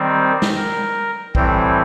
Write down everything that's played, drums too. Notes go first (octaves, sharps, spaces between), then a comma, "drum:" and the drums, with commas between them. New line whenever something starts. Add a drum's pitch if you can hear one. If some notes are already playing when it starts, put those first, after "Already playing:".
Already playing: D#3 G3 C4
drum: snare
A#4
A2 E3 G3 C4, drum: kick B1